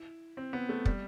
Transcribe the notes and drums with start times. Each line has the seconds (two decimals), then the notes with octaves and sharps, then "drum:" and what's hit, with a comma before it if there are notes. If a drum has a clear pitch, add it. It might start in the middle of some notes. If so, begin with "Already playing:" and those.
Already playing: E4
0.37 C4
0.53 B3
0.69 A3
0.85 G3, drum: kick